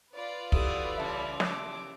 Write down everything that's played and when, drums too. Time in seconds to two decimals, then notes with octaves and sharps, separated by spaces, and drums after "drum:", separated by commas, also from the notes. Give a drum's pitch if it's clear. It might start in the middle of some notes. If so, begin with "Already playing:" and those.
0.14 F4 B4 D5
0.52 C2 B2 E3 E4 G4 A4 D#6, drum: kick
0.98 C#3 E3 G3 E5 A5 B5 C6
1.40 D6, drum: snare